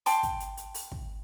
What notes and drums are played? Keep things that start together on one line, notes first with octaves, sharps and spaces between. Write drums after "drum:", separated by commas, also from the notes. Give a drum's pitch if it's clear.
G5 A5 C6 D6, drum: open hi-hat
drum: kick, hi-hat
drum: hi-hat
drum: hi-hat
drum: open hi-hat
drum: kick